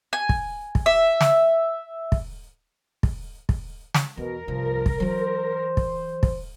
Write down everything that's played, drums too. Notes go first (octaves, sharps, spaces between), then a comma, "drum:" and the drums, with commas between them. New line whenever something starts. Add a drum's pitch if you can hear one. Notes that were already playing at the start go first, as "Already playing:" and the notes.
G#5
drum: kick
drum: kick
E5
drum: snare
drum: kick
drum: kick
drum: kick
drum: snare
E2 B2 A#4
C2 G2 F3
drum: kick
E3 F#3 C5
drum: kick
drum: kick